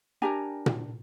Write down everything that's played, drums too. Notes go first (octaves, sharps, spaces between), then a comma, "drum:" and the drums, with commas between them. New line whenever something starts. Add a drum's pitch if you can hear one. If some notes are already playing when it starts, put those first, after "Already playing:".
D4 G4 A#4 G#5 A#5
drum: tom A#2